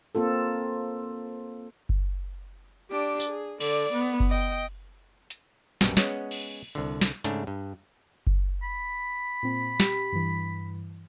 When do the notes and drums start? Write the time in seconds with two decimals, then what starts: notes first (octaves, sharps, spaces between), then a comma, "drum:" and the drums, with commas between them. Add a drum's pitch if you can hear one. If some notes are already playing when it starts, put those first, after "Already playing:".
0.15 A#3 C4 F4 A4
1.89 drum: kick F#1
2.90 D4 G4
3.20 drum: tambourine
3.29 G#4
3.60 D3 D5, drum: cymbal
3.93 B3
4.20 drum: kick F#1
4.30 D#5 G5
5.30 drum: hi-hat
5.81 A#1 F#2 B2 G3, drum: snare
5.97 G#3 B3 C#4 C#5 D#5 F#5, drum: snare
6.31 drum: cymbal
6.75 C2 D3
7.01 drum: snare
7.24 G#2 C#3 A3 D4, drum: hi-hat
7.47 G2
8.27 drum: kick F#1
8.62 B5
9.43 A#2 C4
9.80 G4, drum: snare
10.12 G2 E3